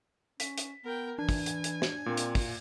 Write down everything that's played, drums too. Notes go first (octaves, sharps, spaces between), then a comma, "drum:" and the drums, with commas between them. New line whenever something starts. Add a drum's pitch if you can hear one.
C#4 B6, drum: hi-hat
drum: hi-hat
B3 A#4 G5
E3 D4 G#5
drum: kick, open hi-hat
drum: hi-hat
drum: hi-hat
drum: snare
A#2 A#3 C4
drum: hi-hat
drum: kick, open hi-hat